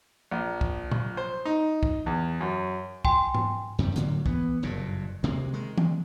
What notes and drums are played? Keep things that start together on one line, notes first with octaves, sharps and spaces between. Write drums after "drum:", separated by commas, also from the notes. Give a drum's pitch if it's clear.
A#1
drum: kick
drum: tom A#2
C5
D#4
drum: kick
E2
F#2
G5 G#5 C6, drum: kick
drum: tom G#2
F#2 C3 D#3 G3
A2 D3 F#3 A#3, drum: hi-hat
E3 B3, drum: kick
F#1 G2 A#2
D2 C3 G#3 A#3
D#3 G#3
drum: tom E3